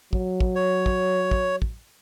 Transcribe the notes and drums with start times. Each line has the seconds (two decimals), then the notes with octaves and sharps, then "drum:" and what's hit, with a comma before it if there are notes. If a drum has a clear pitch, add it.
0.13 F#3, drum: kick
0.40 drum: kick
0.56 C#5
0.86 drum: kick
1.31 drum: kick
1.62 drum: kick